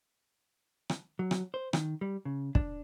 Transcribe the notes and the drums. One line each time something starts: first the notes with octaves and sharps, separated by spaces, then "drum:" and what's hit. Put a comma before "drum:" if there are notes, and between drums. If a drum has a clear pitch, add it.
drum: rim click
F#3
drum: rim click
C5
D#3, drum: rim click
G3
C#3
D4, drum: kick